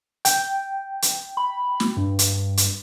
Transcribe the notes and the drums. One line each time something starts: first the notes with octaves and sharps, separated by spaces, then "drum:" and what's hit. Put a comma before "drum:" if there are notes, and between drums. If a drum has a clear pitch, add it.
G5, drum: hi-hat
drum: hi-hat
B5
drum: snare
G2
drum: hi-hat
drum: hi-hat